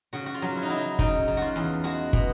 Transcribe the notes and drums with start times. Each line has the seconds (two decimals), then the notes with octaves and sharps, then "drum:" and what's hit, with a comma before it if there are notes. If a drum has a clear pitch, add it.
0.13 C#3 F#4
0.26 F#4
0.34 F4
0.42 F#3
0.56 E4
0.63 D#4
0.70 F#3 E4
0.77 D#4
0.99 C#3 D#4, drum: kick
1.28 C#3
1.37 F4 F#4
1.56 E2
1.84 G#3 F#4
2.13 B2, drum: kick